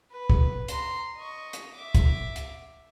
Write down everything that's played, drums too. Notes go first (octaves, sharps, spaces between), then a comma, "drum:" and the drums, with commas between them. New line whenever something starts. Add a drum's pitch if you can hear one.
B4
drum: kick
A#5 C6, drum: hi-hat
D#5 C#6
drum: hi-hat
E5 D6
drum: kick, hi-hat
drum: hi-hat